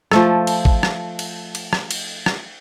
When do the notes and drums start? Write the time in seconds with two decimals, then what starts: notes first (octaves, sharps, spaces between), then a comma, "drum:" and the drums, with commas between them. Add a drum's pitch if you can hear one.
0.11 F3 A3 A4, drum: rim click
0.47 drum: cymbal
0.65 drum: kick A1
0.83 drum: rim click
1.19 drum: cymbal
1.55 drum: cymbal
1.73 drum: rim click
1.91 drum: cymbal
2.26 drum: rim click